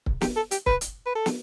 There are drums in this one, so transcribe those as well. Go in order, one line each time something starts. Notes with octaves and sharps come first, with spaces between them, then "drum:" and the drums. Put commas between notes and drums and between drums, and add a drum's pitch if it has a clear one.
drum: kick C#1
G4, drum: snare
A4
G4, drum: hi-hat
B4, drum: kick C#1
drum: hi-hat
B4
A4
drum: snare